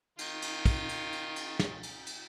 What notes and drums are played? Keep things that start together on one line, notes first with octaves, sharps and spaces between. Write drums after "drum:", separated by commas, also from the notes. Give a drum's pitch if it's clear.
D#3 F4, drum: cymbal
drum: cymbal
drum: kick, cymbal
drum: cymbal
drum: cymbal
drum: cymbal
drum: snare
drum: cymbal
drum: cymbal